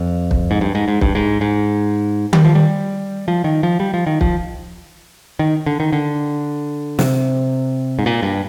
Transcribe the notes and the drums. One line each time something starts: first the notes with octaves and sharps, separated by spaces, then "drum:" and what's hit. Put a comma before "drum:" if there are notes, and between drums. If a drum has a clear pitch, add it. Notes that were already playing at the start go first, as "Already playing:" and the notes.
Already playing: F2
drum: kick
G#2
G2
G#2
G#2
G2, drum: kick
G#2
G#2
G3, drum: tom D#3
F3
G3
F3
D#3
F3
G3
F3
D#3
F3, drum: kick
D#3
D3
D#3
D3
C3, drum: snare
G#2
A#2
G2